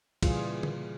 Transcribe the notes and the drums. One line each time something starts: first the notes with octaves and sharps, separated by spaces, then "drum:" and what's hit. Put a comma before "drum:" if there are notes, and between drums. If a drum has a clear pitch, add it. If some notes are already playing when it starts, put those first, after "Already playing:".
A#2 C#3 E3 G3 F4 G#4, drum: kick, cymbal
drum: tom D3